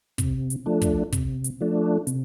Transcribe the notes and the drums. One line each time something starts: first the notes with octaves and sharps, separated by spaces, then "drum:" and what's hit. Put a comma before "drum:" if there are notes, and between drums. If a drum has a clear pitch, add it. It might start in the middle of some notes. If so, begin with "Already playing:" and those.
C3, drum: kick, hi-hat
drum: hi-hat
F3 A3 D4
drum: kick, hi-hat
C3, drum: kick, hi-hat
drum: hi-hat
F3 A3 D4
C3, drum: hi-hat